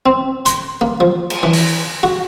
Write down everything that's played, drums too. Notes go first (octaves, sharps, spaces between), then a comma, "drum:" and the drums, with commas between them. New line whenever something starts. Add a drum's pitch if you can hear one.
C4
C6, drum: hi-hat
A#3
F3
drum: cymbal
E3
drum: open hi-hat
F#4